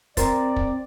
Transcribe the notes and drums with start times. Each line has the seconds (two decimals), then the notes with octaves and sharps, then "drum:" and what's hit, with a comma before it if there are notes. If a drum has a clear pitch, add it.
0.17 C4 A#4 C5 D5 A6, drum: kick, hi-hat
0.56 drum: kick